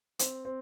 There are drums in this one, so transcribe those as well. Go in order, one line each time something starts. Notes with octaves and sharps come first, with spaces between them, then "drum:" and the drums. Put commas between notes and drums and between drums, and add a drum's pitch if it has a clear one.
C4, drum: hi-hat
C4